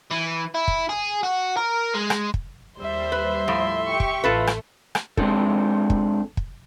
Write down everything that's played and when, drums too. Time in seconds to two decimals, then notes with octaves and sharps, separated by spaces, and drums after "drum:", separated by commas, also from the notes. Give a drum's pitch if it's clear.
0.11 E3
0.54 E4
0.68 drum: kick
0.89 G#4
1.24 F#4
1.57 A#4
1.94 G#3
2.10 drum: rim click
2.34 drum: kick
2.78 D#2 G3 C5 E5 C6
3.12 B4
3.48 A2 F3
3.87 G4 C#6
4.00 drum: kick
4.24 A1 A3 F4 A4 B4
4.47 drum: rim click
4.95 drum: rim click
5.17 G#3 C4 D4 D#4 A4, drum: kick
5.90 drum: kick
6.37 drum: kick